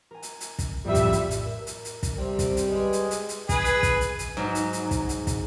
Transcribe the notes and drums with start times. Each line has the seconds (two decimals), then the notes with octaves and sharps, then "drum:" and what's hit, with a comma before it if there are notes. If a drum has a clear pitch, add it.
0.11 A#4 G#5
0.23 drum: hi-hat
0.41 drum: hi-hat
0.59 drum: kick, hi-hat
0.85 F2 A2 G3 E5
0.95 drum: kick, hi-hat
1.13 drum: hi-hat
1.31 drum: hi-hat
1.46 A#4
1.67 drum: hi-hat
1.85 drum: hi-hat
2.03 drum: kick, hi-hat
2.18 C3 G3 C4
2.39 drum: kick, hi-hat
2.57 drum: hi-hat
2.67 G#3 B4
2.93 drum: hi-hat
3.11 drum: hi-hat
3.29 drum: hi-hat
3.49 G#4 B4, drum: kick, hi-hat
3.65 drum: hi-hat
3.83 drum: kick, hi-hat
4.01 drum: hi-hat
4.19 drum: hi-hat
4.37 G#2 F#3
4.55 drum: hi-hat
4.73 drum: hi-hat
4.91 drum: kick, hi-hat
5.09 drum: hi-hat
5.27 drum: kick, hi-hat